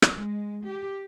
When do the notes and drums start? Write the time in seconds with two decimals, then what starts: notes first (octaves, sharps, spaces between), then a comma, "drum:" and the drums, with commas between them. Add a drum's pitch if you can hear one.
0.02 drum: rim click
0.15 G#3
0.65 G4